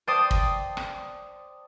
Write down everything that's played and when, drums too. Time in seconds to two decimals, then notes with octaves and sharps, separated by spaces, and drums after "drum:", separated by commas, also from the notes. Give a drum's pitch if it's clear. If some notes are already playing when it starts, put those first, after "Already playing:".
0.07 C5 D5 G5 A5 C6 D#6
0.31 drum: kick
0.77 drum: rim click